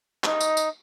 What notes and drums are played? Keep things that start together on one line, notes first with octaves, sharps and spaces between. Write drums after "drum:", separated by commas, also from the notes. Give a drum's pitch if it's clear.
D#4, drum: clap
drum: tambourine
drum: tambourine